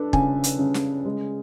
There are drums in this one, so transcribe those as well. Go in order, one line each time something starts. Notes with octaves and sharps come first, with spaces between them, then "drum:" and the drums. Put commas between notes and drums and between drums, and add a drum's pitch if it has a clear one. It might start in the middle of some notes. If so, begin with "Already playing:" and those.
Already playing: D4 A4 B4
C#3 G#5, drum: kick
drum: hi-hat
C#3
drum: snare
G#3